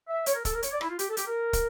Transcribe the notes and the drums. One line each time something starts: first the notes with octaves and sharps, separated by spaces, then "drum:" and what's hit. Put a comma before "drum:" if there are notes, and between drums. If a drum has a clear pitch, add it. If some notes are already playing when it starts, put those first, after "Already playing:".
E5
C#5, drum: hi-hat
A#4
A4, drum: kick, hi-hat
A#4
C#5, drum: hi-hat
D5
E4, drum: rim click
F4
G4, drum: hi-hat
A4
G4, drum: hi-hat
A#4
drum: kick, hi-hat